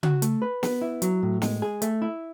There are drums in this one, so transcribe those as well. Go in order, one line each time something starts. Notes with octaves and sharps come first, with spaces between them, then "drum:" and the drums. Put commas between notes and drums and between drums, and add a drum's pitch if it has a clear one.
F#4, drum: tom C#3
A3, drum: hi-hat
B4
B3, drum: snare
E4
F#3, drum: hi-hat
A2
G#3, drum: snare
G#4
A3, drum: hi-hat
E4